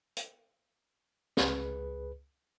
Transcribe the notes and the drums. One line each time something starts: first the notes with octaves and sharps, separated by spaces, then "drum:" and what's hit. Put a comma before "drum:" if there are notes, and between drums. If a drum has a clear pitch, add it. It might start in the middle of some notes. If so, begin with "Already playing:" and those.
drum: hi-hat
C#2 G#4 B4, drum: snare